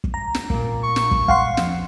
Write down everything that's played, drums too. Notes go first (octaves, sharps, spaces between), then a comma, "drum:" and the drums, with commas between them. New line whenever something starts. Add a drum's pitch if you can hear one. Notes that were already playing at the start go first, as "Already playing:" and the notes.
drum: kick
A#5
drum: snare
A#2 A#3, drum: kick
C#6
drum: snare
drum: kick
F5 F#5 C6, drum: kick
F2, drum: snare